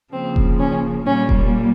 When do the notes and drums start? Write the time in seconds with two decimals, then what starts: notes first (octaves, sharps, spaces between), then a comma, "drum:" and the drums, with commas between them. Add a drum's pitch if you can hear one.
0.12 C#3 F3 A#3 C4
0.36 drum: kick E1
0.59 C#4
1.05 A#2 G3 A#3 C#4
1.29 drum: kick E1